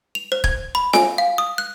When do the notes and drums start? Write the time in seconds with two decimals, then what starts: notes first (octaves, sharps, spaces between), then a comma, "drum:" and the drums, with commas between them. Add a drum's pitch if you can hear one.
0.15 F7
0.32 C5
0.44 G#6, drum: kick
0.75 B5
0.93 G#5, drum: snare F4
1.18 F5
1.38 D#6
1.58 F#6